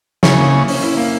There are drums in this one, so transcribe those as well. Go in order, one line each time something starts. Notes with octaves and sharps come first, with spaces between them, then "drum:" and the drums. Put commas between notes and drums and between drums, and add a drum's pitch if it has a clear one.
C#3 E4, drum: snare
A#3
A#3
C#4, drum: open hi-hat
E4
A#3